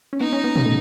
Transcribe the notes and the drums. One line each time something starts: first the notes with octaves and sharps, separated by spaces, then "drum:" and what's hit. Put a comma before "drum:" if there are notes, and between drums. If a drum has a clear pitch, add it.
C#4
B3 D#4
C#4
B3
B3, drum: tom
A3